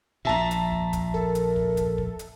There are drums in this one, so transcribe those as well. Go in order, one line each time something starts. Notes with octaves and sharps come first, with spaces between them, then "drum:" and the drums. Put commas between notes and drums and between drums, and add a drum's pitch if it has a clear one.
A#1 A#2 E5 A5 A#5
drum: hi-hat
drum: kick
drum: kick, hi-hat
A4 A#4, drum: kick
drum: hi-hat
drum: kick
drum: kick, hi-hat
drum: kick
drum: hi-hat